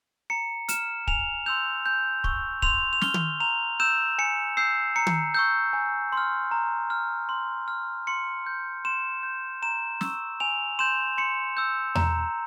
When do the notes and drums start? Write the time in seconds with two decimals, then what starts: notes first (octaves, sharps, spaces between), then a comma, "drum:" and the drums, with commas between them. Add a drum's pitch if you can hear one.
0.30 A#5 C#7
0.69 F6 E7, drum: hi-hat
1.07 G#5 F7, drum: kick
1.46 C6 E6 G6 F7
1.86 G#5 G6
2.24 C#6 E6, drum: kick
2.62 C6 F7, drum: kick
2.93 F7
3.01 F6 G7, drum: snare
3.14 drum: tom
3.40 A#5 F7
3.80 E6 G6 E7
4.19 G#5 C#7
4.57 E6 G6 C7
4.96 A#5 C#7
5.07 drum: tom
5.34 C#6 E6 G6
5.73 G#5
6.13 C6 F6
6.51 A#5
6.90 F6
7.29 C6
7.68 F6
8.07 C6 C#7
8.46 G6
8.85 C6 E7
9.23 G6
9.62 A#5 E7
10.01 C#6 E6, drum: snare
10.40 G#5 F7
10.79 C6 G6 E7
11.18 C6 C#7
11.57 E6 G6
11.95 A#5, drum: tom E2